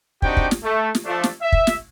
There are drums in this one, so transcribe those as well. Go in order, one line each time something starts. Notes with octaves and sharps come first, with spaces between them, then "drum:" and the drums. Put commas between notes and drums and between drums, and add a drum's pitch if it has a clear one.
C4 D4 D#4 F#4 G4 G5, drum: kick
drum: kick
drum: snare
A3
drum: snare
F3 A3 D4
drum: snare
E5
drum: kick
drum: snare